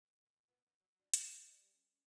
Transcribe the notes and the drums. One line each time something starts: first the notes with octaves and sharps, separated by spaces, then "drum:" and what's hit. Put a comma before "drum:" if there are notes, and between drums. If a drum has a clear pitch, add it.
B4
A#2
B3
D#4
F#3
D4
E2, drum: hi-hat
E4
D3
G3
C#4